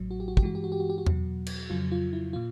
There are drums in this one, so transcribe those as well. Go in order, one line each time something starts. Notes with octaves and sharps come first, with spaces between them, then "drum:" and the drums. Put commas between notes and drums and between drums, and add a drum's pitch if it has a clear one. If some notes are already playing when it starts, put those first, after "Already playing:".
Already playing: A1 A2 F#3
F#4
G4
F#4
G4, drum: kick
G2 E3 G#3 F#4
G4
F#4
G4
F#4
G4
F#4
E2 B2 F#3, drum: tom E2
drum: cymbal
F2 C#3 F#3 F4
F4
E4
A#2 F4